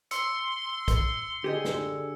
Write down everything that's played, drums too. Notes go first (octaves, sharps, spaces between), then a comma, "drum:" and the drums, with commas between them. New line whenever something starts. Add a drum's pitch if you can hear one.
C6 E6 C#7, drum: hi-hat
drum: kick, hi-hat
D3 G4 G#4 D#5
drum: snare